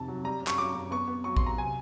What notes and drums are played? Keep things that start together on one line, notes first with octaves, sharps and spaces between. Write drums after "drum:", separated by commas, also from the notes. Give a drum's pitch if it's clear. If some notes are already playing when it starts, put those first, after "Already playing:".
Already playing: F2 C3 D#3 A5
F#3
G3 A#5
F#2
C#6, drum: clap
F#2 D6
F#2
B3 C#6
B3
F#3 C#6
F#3 C6, drum: kick A1
A#5
C3 G#5